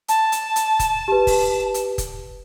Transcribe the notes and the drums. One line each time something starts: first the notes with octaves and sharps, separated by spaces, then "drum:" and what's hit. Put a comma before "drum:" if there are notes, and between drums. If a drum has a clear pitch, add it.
A5, drum: hi-hat
drum: hi-hat
drum: hi-hat
drum: kick F1, hi-hat
G4 B4
drum: kick F1, open hi-hat
drum: hi-hat
drum: kick F1, hi-hat